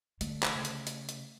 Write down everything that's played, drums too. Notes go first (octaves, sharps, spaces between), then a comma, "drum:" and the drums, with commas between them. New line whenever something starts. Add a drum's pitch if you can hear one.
D3 A3, drum: hi-hat
drum: clap
C#3
drum: hi-hat
drum: hi-hat
drum: hi-hat